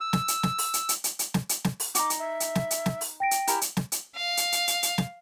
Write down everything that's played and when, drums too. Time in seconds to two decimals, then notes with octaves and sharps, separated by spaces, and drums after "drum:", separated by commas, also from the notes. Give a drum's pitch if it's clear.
0.01 E6
0.13 drum: snare
0.28 drum: hi-hat
0.43 drum: snare
0.58 drum: open hi-hat
0.74 drum: hi-hat
0.89 drum: hi-hat
1.04 drum: hi-hat
1.19 drum: hi-hat
1.34 drum: snare
1.49 drum: hi-hat
1.64 drum: snare
1.80 drum: open hi-hat
1.95 D#4 F#4 D6, drum: hi-hat
2.10 drum: hi-hat
2.19 E5
2.40 drum: hi-hat
2.55 drum: snare
2.71 drum: hi-hat
2.86 drum: snare
3.01 drum: open hi-hat
3.20 G5 A#6 D7
3.31 drum: hi-hat
3.47 E4 G4 A#4 G#5, drum: hi-hat
3.61 drum: hi-hat
3.77 drum: snare
3.92 drum: hi-hat
4.15 F5
4.37 drum: hi-hat
4.52 drum: hi-hat
4.68 drum: hi-hat
4.83 drum: hi-hat
4.98 drum: snare